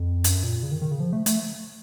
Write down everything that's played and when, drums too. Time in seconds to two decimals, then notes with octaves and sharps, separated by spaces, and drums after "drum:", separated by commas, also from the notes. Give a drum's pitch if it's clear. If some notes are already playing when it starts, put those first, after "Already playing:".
Already playing: F2
0.24 F#2, drum: hi-hat
0.43 A#2
0.63 C#3
0.71 D#3
0.81 D#3
0.91 C#3
1.00 F3
1.13 A3
1.26 A3, drum: hi-hat